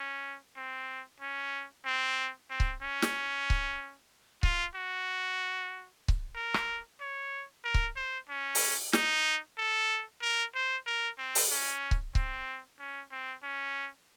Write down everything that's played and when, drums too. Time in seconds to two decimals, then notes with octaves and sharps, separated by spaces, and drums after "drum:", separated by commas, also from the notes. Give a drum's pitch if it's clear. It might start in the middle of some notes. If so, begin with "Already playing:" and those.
Already playing: C#4
0.57 C4
1.21 C#4
1.86 C4
2.50 C4
2.60 drum: kick C#1
2.82 C#4
3.02 drum: snare
3.50 drum: kick C#1
4.43 F4, drum: kick C#1
4.75 F#4
6.08 drum: kick C#1
6.35 A#4
6.54 drum: rim click
7.00 C#5
7.64 A#4
7.74 drum: kick C#1
7.96 C5
8.30 C#4
8.55 drum: open hi-hat
8.93 D#4, drum: snare
9.58 A4
10.22 A#4
10.55 C5
10.87 A#4
11.18 C4
11.35 drum: open hi-hat
11.51 C#4
11.91 drum: kick C#1
12.15 C4, drum: kick C#1
12.79 C#4
13.12 C4
13.43 C#4